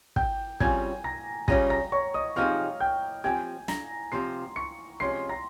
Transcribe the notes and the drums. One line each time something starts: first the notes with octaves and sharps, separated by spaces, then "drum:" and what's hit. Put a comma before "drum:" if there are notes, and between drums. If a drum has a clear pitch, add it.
G5 G6, drum: kick
C#3 G3 C4 F4 G#5 G#6, drum: kick
A#5 A#6
C#3 G3 C#4 F4 G#4 A#5 A#6, drum: kick
A#5 A#6
C#5 C#6
D#5 D#6
C3 F3 C4 D#4 G#4 F5 F6
G5 G6
F3 C4 G4 G#5 G#6
A#5 A#6, drum: snare
C3 F3 C4 F4 C6 C7
C#6 C#7
C3 F3 G#3 C#4 C6 C7
A#5 A#6